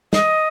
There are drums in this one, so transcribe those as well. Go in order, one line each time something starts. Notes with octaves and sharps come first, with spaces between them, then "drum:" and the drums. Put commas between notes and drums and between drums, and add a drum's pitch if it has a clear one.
D#5, drum: snare